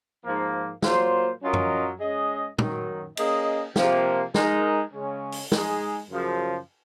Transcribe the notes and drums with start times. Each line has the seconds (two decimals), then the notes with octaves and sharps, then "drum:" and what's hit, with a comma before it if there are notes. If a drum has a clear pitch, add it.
0.24 G#2 F3 A#3
0.82 A#2 F#3 A#3 F4 C5, drum: snare
1.42 F#3 C#4 F4 A#4 D#5
1.53 drum: tom F#2
2.00 G#3 C#4 G#4 D#5
2.58 F#2 D#3 F#3, drum: tom
3.17 A#3 C#4 G#4 D#5, drum: cymbal
3.76 C3 F3 A#3, drum: snare
4.34 G#3 D#4 A#4, drum: snare
4.93 C#3 G#3 C#4
5.32 drum: open hi-hat
5.52 G#3 D#4 G#4, drum: snare
6.10 F#2 C#3 F3